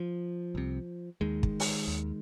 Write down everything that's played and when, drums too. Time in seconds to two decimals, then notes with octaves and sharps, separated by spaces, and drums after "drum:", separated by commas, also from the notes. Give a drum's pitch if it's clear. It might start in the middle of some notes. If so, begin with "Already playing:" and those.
Already playing: F3
0.55 C2 C3
1.21 D#2 D#3 G#3
1.43 drum: kick
1.60 drum: open hi-hat
1.88 D#2